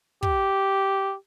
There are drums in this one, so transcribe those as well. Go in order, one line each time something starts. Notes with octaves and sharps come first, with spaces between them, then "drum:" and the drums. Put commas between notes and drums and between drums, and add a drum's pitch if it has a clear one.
G4, drum: kick